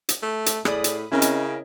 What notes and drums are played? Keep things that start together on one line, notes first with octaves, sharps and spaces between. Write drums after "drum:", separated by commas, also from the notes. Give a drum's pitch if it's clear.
drum: hi-hat
A3
drum: hi-hat
A2 G#4 D5 B5 D#6, drum: rim click
drum: hi-hat
C#3 C4 C#4 E4 A#4 D#5
drum: hi-hat